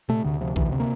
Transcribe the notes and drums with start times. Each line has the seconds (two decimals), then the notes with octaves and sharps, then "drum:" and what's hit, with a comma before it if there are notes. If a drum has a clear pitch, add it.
0.09 C3 A3, drum: tom A2
0.24 D2 D3
0.41 C3 F3
0.56 D2 E3, drum: kick A#1
0.72 C3
0.80 A#3